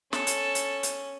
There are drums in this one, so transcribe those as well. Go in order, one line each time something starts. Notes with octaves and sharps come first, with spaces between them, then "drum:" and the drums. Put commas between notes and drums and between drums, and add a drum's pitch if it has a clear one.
C#4 A4, drum: snare
drum: hi-hat
drum: hi-hat
drum: hi-hat